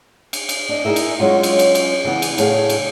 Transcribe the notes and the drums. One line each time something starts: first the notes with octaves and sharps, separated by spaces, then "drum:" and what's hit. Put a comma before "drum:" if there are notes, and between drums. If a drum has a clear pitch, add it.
drum: cymbal
drum: cymbal
D4 D#5
D#4 E4 F#4 G#4 A#4 E5
drum: cymbal
F#3 G#3 C#4 F4
drum: cymbal
drum: cymbal
drum: cymbal
C#3 E3 B3
drum: cymbal
A2 C#3 F#3 G#4 F5, drum: cymbal
drum: cymbal